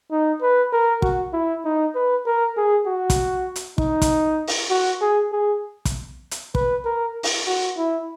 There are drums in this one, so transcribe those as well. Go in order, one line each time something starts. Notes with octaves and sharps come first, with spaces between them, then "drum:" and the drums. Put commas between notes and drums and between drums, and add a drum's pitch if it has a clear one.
D#4
B4
A#4
F#4, drum: kick
E4
D#4
B4
A#4
G#4
F#4
drum: kick, hi-hat
drum: hi-hat
D#4, drum: kick
drum: kick, hi-hat
drum: open hi-hat
F#4
G#4
G#4
drum: kick, hi-hat
drum: hi-hat
B4, drum: kick
A#4
drum: open hi-hat
F#4
E4